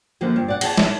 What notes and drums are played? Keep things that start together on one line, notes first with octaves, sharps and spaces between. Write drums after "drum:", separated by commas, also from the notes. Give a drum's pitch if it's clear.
F#2 D3 F3 A#3
G2
D5 F#5
G#4 F#5 G#5 A5, drum: cymbal
C#5 E5 A5, drum: snare